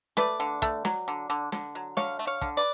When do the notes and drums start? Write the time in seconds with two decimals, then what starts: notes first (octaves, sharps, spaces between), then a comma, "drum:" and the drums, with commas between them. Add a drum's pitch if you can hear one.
0.17 A3 B4 D5, drum: snare
0.40 D3
0.62 A3, drum: kick
0.85 F#3, drum: snare
1.08 D3
1.30 D3
1.52 D3, drum: snare
1.75 F#3
1.97 D3 C#5 F5, drum: snare
2.19 A3
2.27 C#5 F5
2.41 D3, drum: kick
2.57 B4 D5